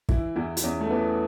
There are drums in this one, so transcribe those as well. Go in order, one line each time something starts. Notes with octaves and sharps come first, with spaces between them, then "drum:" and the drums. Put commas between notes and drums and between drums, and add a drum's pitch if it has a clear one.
E3 E4, drum: kick
E2 E4
E4, drum: hi-hat
E2 C#4
A3
E3 B3